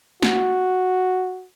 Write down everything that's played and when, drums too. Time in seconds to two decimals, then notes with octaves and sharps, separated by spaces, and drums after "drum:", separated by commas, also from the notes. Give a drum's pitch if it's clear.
0.22 F#4, drum: snare